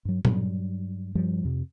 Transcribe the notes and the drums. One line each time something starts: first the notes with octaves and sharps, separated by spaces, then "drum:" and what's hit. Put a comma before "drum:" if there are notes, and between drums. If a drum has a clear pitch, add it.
G2 F#3
G2 F#3 G3, drum: tom
G2 F3 G3
F2 C3